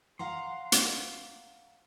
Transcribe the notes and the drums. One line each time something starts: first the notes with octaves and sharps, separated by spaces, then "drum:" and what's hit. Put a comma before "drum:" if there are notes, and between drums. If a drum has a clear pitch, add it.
F5 F#5 A#5 C6
drum: hi-hat